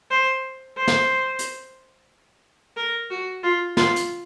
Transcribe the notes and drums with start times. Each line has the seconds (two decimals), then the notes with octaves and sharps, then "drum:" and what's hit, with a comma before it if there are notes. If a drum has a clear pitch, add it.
0.11 C5
0.77 C5
0.87 drum: snare
1.39 drum: hi-hat
2.77 A#4
3.11 F#4
3.43 F4
3.77 F4, drum: snare
3.96 drum: hi-hat